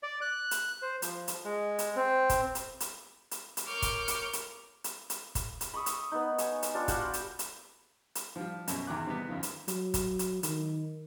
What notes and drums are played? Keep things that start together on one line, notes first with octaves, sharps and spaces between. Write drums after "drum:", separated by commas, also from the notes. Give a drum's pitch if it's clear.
D5
F#6
drum: hi-hat
C5
F3, drum: hi-hat
drum: hi-hat
G#3
drum: hi-hat
C4
drum: kick, hi-hat
drum: hi-hat
drum: hi-hat
drum: hi-hat
drum: hi-hat
A#4 C#5 C#6 D6 F6 G6
drum: kick, hi-hat
drum: hi-hat
drum: hi-hat
drum: hi-hat
drum: hi-hat
drum: kick, hi-hat
drum: hi-hat
B5 C#6 D#6 E6
drum: hi-hat
B3 D#4
C#5 G#5, drum: hi-hat
drum: hi-hat
G3 D4 F4
F#4 G4 F5 F#5, drum: kick, hi-hat
drum: hi-hat
drum: hi-hat
drum: hi-hat
F3 G3
F#2 B2, drum: hi-hat
E2 D#3 A#5 D6 F#6
C3 G3 B3
F#2 D#3 F3
drum: hi-hat
F#3, drum: hi-hat
drum: kick, hi-hat
drum: hi-hat
D#3, drum: hi-hat